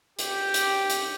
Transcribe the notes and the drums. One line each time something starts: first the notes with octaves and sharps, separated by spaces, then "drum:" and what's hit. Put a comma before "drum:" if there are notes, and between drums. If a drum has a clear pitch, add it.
G4, drum: hi-hat
drum: hi-hat
drum: hi-hat